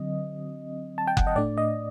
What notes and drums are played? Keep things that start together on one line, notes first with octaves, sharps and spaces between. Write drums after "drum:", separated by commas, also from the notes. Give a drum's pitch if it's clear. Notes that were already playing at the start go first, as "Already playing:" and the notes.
Already playing: D3 F#3 C4 D#5
A5
G5
F#5, drum: kick F#1
D#5
A2 A3 D4 D5
D#5